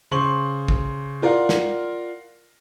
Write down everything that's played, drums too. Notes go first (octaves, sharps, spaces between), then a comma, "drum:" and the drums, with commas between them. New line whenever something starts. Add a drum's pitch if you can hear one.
C#3 C5 C6 C#6 F#7
drum: kick A1
F4 A#4 D5 F5 F#5 C6
drum: snare